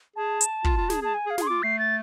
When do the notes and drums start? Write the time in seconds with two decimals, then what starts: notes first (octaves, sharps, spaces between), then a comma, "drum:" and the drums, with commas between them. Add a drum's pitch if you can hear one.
0.16 G#4 A5
0.41 drum: hi-hat
0.64 F4, drum: kick
0.77 F4
0.90 G#4, drum: snare
1.02 G#4 A5
1.14 G#5
1.26 G#4
1.30 F5
1.38 G#4 C6, drum: snare
1.47 F4 D6
1.63 A3 C7
1.79 A6